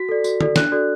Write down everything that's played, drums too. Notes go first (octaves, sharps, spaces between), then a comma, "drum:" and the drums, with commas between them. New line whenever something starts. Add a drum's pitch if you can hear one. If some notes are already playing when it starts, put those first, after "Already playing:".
Already playing: F#4 B6
A4 D5
F#4, drum: tambourine
A4 D5, drum: tom
D4 F#6, drum: snare
F#4 A4 D5